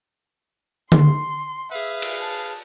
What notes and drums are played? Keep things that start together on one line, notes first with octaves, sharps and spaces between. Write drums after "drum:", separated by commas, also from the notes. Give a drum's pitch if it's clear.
C6, drum: tom D3
G#4 B4 E5 F5
drum: cymbal
A5